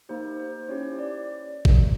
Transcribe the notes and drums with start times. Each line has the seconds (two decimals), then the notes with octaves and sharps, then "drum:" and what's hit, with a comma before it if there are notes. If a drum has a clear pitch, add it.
0.09 A#3 D#4 G4 C5
0.40 C5
0.69 C#4 E4 G4 C#5
0.99 D5
1.65 drum: kick A1